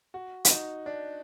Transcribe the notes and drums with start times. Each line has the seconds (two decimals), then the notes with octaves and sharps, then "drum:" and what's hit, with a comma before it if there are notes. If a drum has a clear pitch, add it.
0.14 F#4
0.45 F#4, drum: hi-hat
0.50 D#4
0.86 D4